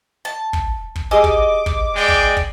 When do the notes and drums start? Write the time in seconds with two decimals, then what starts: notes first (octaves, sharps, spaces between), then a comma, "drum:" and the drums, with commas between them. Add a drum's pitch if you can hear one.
0.25 A5
0.53 drum: kick
0.96 drum: kick
1.11 G4 G#4 D#5 G#5 D6
1.24 drum: kick
1.66 drum: kick
1.96 G#3 D5 G5
2.08 drum: kick
2.37 drum: kick